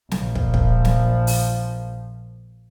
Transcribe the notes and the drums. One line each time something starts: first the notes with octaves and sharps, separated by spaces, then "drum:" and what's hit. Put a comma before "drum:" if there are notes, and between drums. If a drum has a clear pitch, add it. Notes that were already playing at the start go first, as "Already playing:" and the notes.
A#1 F3, drum: snare
drum: kick
drum: kick
drum: snare
drum: open hi-hat